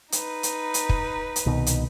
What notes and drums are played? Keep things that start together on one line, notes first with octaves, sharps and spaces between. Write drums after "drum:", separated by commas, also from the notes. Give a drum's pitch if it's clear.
D#4 B4, drum: hi-hat
drum: hi-hat
drum: hi-hat
drum: kick
drum: hi-hat
C2 B2 D#3
drum: hi-hat